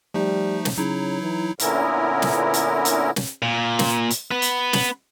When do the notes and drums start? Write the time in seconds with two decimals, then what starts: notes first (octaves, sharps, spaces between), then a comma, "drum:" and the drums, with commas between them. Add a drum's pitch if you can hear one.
0.14 F3 G3 A3 D#4
0.65 drum: snare
0.78 C#3 F#3 D#4 E4
1.21 E3
1.59 A#2 D3 B3 C#4 E4 A#4, drum: hi-hat
2.22 drum: snare
2.54 drum: hi-hat
2.85 drum: hi-hat
3.16 drum: snare
3.42 A#2
3.79 drum: snare
4.11 drum: hi-hat
4.31 B3 B4
4.42 drum: hi-hat
4.73 drum: snare